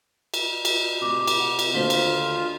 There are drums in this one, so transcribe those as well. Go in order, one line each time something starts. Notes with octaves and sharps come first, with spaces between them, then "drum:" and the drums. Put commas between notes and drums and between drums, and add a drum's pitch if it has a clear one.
drum: cymbal
drum: cymbal
A2 C3 F#4 D6
drum: cymbal
F#5
drum: cymbal
D#2 D3 A3 F4 F#4 C5 B6 G7
drum: cymbal